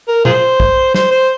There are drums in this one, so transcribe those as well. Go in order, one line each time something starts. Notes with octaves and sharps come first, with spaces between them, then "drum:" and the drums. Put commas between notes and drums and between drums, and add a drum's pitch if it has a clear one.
A#4
F4 G#4 C5, drum: tom A#2
drum: kick
C5, drum: snare
C5